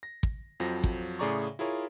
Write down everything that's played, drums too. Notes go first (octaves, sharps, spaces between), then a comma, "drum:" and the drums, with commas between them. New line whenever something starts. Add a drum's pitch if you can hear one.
A#6
drum: kick
F2 F3 F#3 A#6
drum: kick
A2 C#3 G#4 D5 A#5 C#6
E4 F4 G#4 A#4 C#5